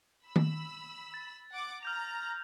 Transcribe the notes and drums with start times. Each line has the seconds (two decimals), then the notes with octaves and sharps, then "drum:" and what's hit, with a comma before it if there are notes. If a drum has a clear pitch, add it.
0.24 B5 E6
0.36 drum: tom D#3
1.14 A6
1.51 F#5 D6
1.83 A#5 F6 G6 F7